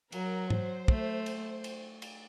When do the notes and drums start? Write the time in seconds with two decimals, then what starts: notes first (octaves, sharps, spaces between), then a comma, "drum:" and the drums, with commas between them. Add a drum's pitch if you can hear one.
0.12 F#3 A#4, drum: cymbal
0.50 C5, drum: tom G#2
0.88 A3, drum: kick
1.26 drum: cymbal
1.64 drum: cymbal
2.02 drum: cymbal